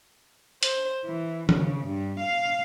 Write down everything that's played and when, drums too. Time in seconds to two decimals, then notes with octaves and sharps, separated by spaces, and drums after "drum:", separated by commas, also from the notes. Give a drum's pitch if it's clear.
0.63 C5, drum: hi-hat
1.03 E3
1.49 C#3, drum: tom D#3
1.87 G2
2.19 F5